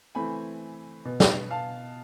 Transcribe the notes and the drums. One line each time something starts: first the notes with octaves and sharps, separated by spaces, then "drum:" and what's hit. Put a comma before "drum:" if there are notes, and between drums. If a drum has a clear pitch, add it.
E3 A3 C4 G#5 B5
B2 B3
drum: snare
F5 A5